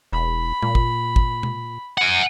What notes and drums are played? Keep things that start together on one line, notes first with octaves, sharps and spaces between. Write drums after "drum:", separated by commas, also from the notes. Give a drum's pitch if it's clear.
E1 B5
A#2, drum: tom
drum: kick
drum: kick
drum: tom
F#5 G#5